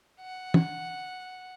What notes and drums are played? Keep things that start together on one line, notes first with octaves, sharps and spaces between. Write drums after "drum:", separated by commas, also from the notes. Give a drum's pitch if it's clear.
F#5
drum: tom